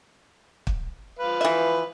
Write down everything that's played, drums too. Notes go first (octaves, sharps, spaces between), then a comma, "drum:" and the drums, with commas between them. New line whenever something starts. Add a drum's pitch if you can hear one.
drum: kick
F3 B4 F5
E3 E5